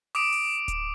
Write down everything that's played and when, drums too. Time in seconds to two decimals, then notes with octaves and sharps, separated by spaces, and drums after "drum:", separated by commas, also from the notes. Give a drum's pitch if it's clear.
0.15 D6 D#6 D7, drum: open hi-hat
0.32 drum: open hi-hat
0.68 drum: kick D1, hi-hat